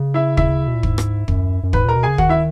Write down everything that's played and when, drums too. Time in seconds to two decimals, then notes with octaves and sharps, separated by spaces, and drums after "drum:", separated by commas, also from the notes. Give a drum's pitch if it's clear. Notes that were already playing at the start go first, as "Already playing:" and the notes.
Already playing: C#3
0.14 E4 E5
0.37 E4 E5, drum: kick
0.67 B2
0.75 A#2
0.83 G#2, drum: kick
0.98 drum: rim click
1.28 F#2, drum: kick
1.64 F#2
1.73 G#2 B4 B5, drum: kick
1.85 A#2 A#4 A#5
1.96 B2
2.03 C#3 G#4 G#5
2.18 D#3 F#4 F#5, drum: kick
2.29 E4 E5